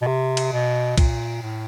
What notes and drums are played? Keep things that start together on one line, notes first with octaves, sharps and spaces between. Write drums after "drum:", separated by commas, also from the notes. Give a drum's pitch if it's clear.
B2
C3
drum: cymbal
B2
A#2, drum: kick, cymbal
A2